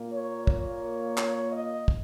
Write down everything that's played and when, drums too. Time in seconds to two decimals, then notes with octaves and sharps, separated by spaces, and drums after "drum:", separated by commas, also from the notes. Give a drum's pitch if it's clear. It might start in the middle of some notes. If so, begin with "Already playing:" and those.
Already playing: A#2 A#3
0.12 C#5
0.47 C#5, drum: kick
1.18 C#5, drum: clap
1.52 D#5
1.88 drum: kick